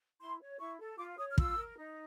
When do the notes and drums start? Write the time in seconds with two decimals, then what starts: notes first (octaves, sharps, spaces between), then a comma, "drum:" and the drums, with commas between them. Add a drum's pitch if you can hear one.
0.20 E4 C6
0.41 C#5
0.59 E4 C#6
0.80 A4
0.98 F4 D6
1.18 C#5 D#6
1.31 F6
1.38 F4 E6, drum: kick
1.57 A#4
1.77 D#4